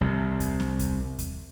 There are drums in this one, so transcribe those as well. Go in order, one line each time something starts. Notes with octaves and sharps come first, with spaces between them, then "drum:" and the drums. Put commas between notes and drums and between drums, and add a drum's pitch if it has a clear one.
C2 C3
drum: kick D#2, hi-hat
drum: snare C4
drum: kick D#2, hi-hat
drum: kick D#2, hi-hat